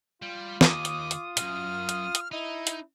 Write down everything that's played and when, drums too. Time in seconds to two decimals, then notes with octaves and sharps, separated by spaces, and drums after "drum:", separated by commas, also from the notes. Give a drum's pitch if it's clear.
0.22 G3 F4
0.61 D#2 D6 D#6, drum: snare
0.85 drum: hi-hat
1.11 drum: hi-hat
1.37 B1 F#2 F6, drum: hi-hat
1.89 drum: hi-hat
2.15 drum: hi-hat
2.32 D#4 E4 D#5
2.67 drum: hi-hat